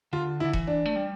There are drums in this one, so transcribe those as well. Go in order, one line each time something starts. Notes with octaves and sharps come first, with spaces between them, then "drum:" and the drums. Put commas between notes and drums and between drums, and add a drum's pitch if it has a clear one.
D3 F4
E4
D3
E3, drum: kick E1
D4
A3
G3